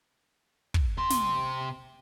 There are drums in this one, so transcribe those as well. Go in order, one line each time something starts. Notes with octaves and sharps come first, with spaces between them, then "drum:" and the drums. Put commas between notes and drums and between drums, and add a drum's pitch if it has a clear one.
drum: kick
C3 C6
drum: snare